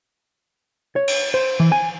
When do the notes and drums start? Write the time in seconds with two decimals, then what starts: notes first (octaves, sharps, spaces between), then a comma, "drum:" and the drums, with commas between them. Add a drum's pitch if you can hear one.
0.96 C#5
1.08 drum: cymbal
1.34 C5
1.60 E3
1.72 G#5